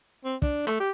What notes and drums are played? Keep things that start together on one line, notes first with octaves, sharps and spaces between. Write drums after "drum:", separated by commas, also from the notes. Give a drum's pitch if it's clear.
C4
D4, drum: kick
A3, drum: rim click
G4